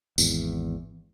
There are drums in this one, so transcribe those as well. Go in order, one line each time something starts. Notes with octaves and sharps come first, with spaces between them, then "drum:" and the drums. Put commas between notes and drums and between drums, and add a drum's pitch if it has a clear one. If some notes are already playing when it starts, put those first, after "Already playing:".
G#1 E2, drum: tambourine